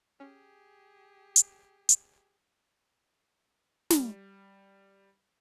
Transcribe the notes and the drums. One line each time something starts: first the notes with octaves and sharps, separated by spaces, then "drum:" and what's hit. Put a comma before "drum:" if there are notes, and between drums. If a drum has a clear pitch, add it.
C#4 G4 G#4
drum: hi-hat
drum: hi-hat
G3, drum: snare